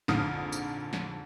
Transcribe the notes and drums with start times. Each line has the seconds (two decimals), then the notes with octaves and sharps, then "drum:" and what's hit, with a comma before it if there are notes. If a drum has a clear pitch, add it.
0.08 A#1 F2 G#2 D3 D#6 F6, drum: snare
0.52 drum: tambourine
0.93 drum: snare